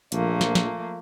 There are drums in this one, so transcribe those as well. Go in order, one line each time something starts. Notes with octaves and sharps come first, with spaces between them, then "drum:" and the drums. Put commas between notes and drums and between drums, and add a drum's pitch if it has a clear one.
A#1 F3 A3 A#3, drum: hi-hat
drum: snare
drum: snare